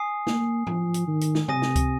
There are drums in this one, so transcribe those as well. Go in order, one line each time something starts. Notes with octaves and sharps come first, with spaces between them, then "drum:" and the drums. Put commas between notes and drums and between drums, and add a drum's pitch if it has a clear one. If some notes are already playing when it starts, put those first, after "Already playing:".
Already playing: G#5 D#6 C7
A#3, drum: snare
F3, drum: tom
drum: hi-hat
D#3
drum: hi-hat
drum: snare
C3 G#5 D#6 A#6 D#7, drum: tom C3
drum: snare
drum: kick C#2, hi-hat